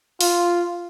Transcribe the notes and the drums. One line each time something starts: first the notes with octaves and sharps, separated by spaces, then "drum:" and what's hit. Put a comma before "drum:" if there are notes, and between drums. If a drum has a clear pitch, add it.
F4, drum: open hi-hat